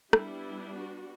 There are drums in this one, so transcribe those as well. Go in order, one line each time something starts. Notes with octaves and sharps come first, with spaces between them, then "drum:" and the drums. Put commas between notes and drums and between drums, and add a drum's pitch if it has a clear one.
G3 B3 D4 E4, drum: rim click
F#4